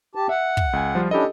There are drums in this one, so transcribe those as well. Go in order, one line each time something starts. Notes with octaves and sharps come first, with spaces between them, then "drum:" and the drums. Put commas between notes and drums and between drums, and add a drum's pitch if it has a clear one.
G4 A5
E5 F#5
drum: kick
C#2 G#5
F3 G3 F4
C#4 D4 E4 G4 A4 D#5